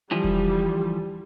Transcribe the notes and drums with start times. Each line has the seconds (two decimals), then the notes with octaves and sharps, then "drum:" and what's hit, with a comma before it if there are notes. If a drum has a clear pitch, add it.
0.11 D3 E3 F3 G3
0.24 drum: kick E1